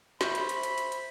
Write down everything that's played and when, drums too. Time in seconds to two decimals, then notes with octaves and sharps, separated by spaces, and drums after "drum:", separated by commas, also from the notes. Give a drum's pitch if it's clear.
0.21 C5 E5 B5 C#6, drum: snare
0.35 drum: hi-hat
0.49 drum: hi-hat
0.63 drum: hi-hat
0.78 drum: hi-hat
0.92 drum: hi-hat